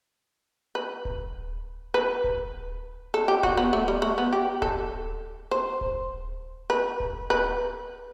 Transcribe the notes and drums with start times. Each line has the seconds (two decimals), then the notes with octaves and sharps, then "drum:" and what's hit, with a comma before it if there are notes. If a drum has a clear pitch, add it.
0.75 B4
1.05 drum: kick D1
1.94 B4
2.24 drum: kick D1
3.14 A4
3.28 G4
3.43 F#4, drum: kick D1
3.57 B3
3.73 A3
3.88 G3
4.02 A3
4.18 B3
4.33 G4
4.62 A4, drum: kick D1
5.51 C5
5.81 drum: kick D1
6.70 B4
7.00 drum: kick D1
7.30 B4